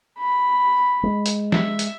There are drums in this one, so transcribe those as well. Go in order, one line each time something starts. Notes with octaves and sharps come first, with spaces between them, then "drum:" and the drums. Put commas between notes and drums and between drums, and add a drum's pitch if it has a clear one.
B5
G#3
drum: hi-hat
E5, drum: snare
drum: hi-hat